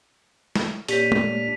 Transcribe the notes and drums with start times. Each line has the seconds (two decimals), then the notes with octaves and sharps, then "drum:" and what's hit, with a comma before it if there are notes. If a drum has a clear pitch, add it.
0.56 drum: snare
0.88 A#2 D4 G4 C#5 F6 B6 D#7, drum: hi-hat
1.12 drum: tom G#3